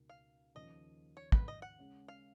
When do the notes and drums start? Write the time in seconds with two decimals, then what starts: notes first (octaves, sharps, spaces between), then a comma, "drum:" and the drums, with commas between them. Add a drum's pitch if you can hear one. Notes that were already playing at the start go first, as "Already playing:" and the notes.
Already playing: C#2 B2 A#3 D#4 A#4
0.09 F5
0.55 D#2 C#3 F3 D#5
1.17 C#5
1.32 B4, drum: kick
1.48 D#5
1.62 F#5
1.79 C#3 G#3 C#4
2.08 F5